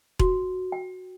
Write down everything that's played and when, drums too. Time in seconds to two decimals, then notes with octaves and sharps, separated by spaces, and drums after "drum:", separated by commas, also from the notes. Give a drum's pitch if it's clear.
0.19 F#4, drum: kick E1
0.72 G5